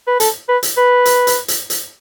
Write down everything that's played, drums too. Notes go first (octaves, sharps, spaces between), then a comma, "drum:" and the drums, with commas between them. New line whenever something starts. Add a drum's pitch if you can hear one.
B4
A4, drum: hi-hat
B4
drum: hi-hat
B4
drum: hi-hat
drum: hi-hat
drum: hi-hat
drum: hi-hat